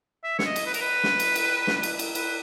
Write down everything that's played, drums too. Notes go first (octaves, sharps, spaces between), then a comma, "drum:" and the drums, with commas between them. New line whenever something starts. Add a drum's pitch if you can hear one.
E5
C#5, drum: snare
D#5
drum: cymbal
B4
A#4, drum: cymbal
B4
drum: snare
drum: cymbal
drum: cymbal
drum: snare
drum: cymbal
drum: cymbal
B4, drum: cymbal